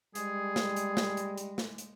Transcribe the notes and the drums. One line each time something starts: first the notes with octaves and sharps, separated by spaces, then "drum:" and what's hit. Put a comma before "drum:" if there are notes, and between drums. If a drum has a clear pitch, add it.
G3 G#3 G#4, drum: hi-hat
drum: snare
drum: hi-hat
drum: snare
drum: hi-hat
drum: hi-hat
drum: snare
drum: hi-hat